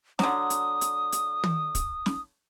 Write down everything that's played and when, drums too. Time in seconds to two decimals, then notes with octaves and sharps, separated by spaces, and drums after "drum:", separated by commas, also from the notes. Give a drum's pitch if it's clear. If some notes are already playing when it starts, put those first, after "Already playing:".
0.19 D3 F#3 D#6, drum: snare
0.50 drum: hi-hat
0.81 drum: hi-hat
1.12 drum: hi-hat
1.44 drum: tom
1.75 drum: kick, hi-hat
2.06 drum: snare